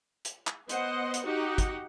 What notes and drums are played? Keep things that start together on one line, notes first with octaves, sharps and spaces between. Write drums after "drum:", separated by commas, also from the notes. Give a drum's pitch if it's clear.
drum: hi-hat
drum: clap
B3 C5 D#5 F#5, drum: hi-hat
drum: hi-hat
D#4 F#4 G4 F#5
drum: kick, hi-hat